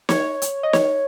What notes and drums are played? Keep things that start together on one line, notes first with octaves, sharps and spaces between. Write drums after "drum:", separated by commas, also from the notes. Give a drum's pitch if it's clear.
C#5, drum: snare
drum: hi-hat
D#5
C#5, drum: snare